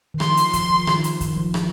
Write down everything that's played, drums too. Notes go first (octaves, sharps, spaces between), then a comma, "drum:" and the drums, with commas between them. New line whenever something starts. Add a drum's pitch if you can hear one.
D#3
F3 C6, drum: rim click
drum: hi-hat
F3 C6, drum: kick, hi-hat
F3
D#3, drum: rim click
drum: hi-hat
D#3, drum: kick, hi-hat
F3
F3, drum: rim click